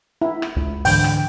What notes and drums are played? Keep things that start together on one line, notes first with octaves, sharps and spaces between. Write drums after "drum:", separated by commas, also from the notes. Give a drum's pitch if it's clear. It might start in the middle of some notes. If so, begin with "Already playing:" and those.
E4
drum: rim click
C#2
G#2 D3 E3 G5, drum: open hi-hat
drum: rim click